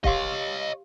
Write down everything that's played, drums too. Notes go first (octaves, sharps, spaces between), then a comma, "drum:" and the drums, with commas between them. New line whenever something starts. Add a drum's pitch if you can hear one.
G4 C#5 D#5 F5 C6, drum: kick C#1